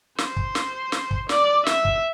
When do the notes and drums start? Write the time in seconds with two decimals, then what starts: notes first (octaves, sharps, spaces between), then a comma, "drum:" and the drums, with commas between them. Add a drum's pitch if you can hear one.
0.18 C5, drum: snare
0.37 drum: kick
0.55 drum: snare
0.92 drum: snare
1.11 drum: kick
1.29 D5, drum: snare
1.66 E5, drum: snare
1.85 drum: kick